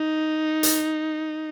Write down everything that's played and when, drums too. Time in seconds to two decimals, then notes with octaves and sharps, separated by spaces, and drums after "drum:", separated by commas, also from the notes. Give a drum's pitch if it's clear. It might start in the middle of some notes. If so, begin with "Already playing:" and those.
Already playing: D#4
0.63 drum: hi-hat